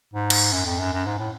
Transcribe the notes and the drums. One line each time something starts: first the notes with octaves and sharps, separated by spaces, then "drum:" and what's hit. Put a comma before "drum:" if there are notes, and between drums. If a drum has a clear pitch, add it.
G#2
drum: cymbal
F#2
F2
F#2
F#2
G#2
A2